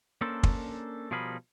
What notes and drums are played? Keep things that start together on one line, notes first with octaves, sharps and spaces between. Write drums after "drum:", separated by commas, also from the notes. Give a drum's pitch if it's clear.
A#3 C#4 D4 A4 A#4 C5
drum: kick
B2 F3 G3 G#4 A#4 B5